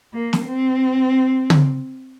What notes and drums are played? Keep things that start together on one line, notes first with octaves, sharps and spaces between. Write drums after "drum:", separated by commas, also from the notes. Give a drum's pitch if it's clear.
A#3
drum: snare
C4
drum: tom